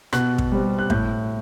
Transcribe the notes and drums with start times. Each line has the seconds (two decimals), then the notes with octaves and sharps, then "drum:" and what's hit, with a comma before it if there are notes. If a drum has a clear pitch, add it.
0.13 B2 F#6, drum: rim click
0.38 drum: kick
0.52 G3 C4
0.79 F#6
0.90 A2 G6, drum: kick